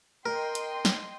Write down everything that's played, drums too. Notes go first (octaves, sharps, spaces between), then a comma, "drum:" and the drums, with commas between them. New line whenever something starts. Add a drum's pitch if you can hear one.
A#4 D#5 G5 C6
drum: hi-hat
drum: snare